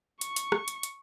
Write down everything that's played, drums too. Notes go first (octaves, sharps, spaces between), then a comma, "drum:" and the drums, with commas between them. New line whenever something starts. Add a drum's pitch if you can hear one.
C#6, drum: hi-hat
drum: hi-hat
drum: rim click
drum: hi-hat
drum: hi-hat